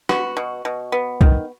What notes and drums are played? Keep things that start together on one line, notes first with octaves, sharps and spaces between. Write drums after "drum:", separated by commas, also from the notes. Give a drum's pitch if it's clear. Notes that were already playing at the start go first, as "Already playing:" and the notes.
B3 F#4, drum: rim click
B2
B2
B3
D#3, drum: kick